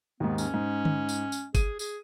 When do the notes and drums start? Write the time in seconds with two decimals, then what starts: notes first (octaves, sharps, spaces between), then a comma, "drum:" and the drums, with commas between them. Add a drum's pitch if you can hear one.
0.20 D#2 G#2 B3
0.38 C#4, drum: tambourine
0.54 G#2
0.85 drum: tom D3
1.09 drum: tambourine
1.32 drum: tambourine
1.55 G#4 D#7, drum: kick, tambourine
1.79 G#4, drum: tambourine